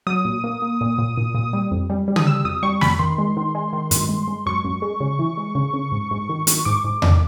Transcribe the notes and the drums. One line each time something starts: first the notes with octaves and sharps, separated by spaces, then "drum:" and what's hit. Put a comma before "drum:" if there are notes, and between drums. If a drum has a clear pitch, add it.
F#3 D#6
A#2
A#3
A#3
A#2
A#2
A#2
A#2
G3
F2
G3
G3
D#6, drum: tom
G3 E6
F2 D#6
G3 C#6
F2 B5, drum: snare
D#3 C6
G#3
D#3
G#3
D#3
G2, drum: hi-hat
G#3
G#3
F#2 C#6
F#2
G#3
C#3
E3
G#3
C#3
C#3
G#2
G#2
D#3
D#3, drum: hi-hat
G#2 D6
G#2
G#2, drum: tom E2